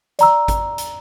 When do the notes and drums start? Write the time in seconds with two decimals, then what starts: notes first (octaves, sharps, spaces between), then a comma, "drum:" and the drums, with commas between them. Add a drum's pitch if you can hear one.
0.19 D5 A#5 E6, drum: hi-hat
0.48 drum: kick G#1, hi-hat
0.78 drum: hi-hat